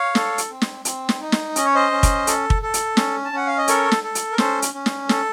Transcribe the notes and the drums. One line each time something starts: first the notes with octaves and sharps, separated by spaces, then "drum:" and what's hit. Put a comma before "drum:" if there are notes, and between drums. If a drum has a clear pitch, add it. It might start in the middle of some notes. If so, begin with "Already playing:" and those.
Already playing: C#5 F5
A4, drum: snare
drum: hi-hat
C4
drum: snare
C4, drum: hi-hat
drum: snare
D#4
drum: snare
C#4 D#5, drum: hi-hat
C#5
C5 D#5
C#4
drum: kick, hi-hat
A4, drum: hi-hat
drum: kick
A4
drum: hi-hat
C#4, drum: snare
A5
C#4 F#5
F5
D#5
A4 A#4 C#5, drum: hi-hat
drum: snare
A4
drum: hi-hat
A#4
C#4 A4 C5, drum: snare
drum: hi-hat
C#4
drum: snare
A4, drum: snare